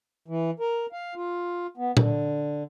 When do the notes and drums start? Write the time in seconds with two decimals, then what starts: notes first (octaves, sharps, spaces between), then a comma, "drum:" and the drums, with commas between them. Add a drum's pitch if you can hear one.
0.28 E3
0.60 A#4
0.92 F5
1.15 F4
1.77 B3
1.97 D3, drum: tom A#2